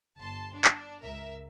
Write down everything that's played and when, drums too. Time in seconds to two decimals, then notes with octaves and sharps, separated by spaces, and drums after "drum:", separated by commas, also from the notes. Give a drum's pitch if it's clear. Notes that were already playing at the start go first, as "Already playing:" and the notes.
0.17 G1 A5 C6
0.53 D4
0.64 drum: clap
1.01 C#2 A#4 E5